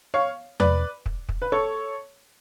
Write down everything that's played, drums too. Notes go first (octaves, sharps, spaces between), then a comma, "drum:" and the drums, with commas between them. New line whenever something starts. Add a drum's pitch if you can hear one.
C#5 F5
B4 D5, drum: tom E2
drum: kick
drum: kick
B4
A4 C#5